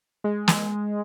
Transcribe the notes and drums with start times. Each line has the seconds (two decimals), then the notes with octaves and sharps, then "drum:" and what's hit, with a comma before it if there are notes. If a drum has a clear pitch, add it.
0.24 G#3
0.48 drum: snare